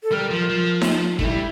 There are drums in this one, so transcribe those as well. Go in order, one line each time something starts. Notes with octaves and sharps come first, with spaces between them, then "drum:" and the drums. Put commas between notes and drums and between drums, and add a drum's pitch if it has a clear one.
A4
G3 A#4
F3
F3
drum: snare D#4
A3 D4, drum: kick
G3 E4